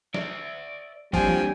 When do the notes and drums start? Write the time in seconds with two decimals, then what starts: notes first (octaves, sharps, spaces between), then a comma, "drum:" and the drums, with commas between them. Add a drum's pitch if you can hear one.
0.14 D5 E5, drum: snare
1.13 A#2 D3 F3 G3 G5 G#5, drum: kick